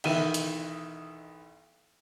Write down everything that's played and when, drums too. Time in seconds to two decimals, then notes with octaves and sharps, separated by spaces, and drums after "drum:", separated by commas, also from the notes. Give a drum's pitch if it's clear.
0.04 B1 D#3 E3 E5 D#7, drum: cymbal
0.34 drum: hi-hat